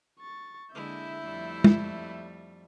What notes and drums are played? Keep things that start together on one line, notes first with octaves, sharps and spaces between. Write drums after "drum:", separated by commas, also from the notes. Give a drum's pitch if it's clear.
C#6 A6
D3 G#3 A#3 E4 E5 G6
F2 G3 A3
drum: tom G#3